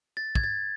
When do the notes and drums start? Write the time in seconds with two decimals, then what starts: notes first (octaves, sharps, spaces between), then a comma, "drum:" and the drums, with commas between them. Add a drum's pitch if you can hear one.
0.17 A6
0.35 G#6, drum: kick
0.44 A6